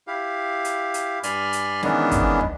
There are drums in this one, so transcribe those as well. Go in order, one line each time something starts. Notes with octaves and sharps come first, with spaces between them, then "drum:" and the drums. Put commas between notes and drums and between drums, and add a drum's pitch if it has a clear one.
E4 G4 F5
drum: hi-hat
drum: hi-hat
G2 D5 G#5 B5 C6 F6, drum: hi-hat
drum: hi-hat
D#3 E3 G#3 B3 C#4 D4, drum: snare
drum: kick, hi-hat
drum: tom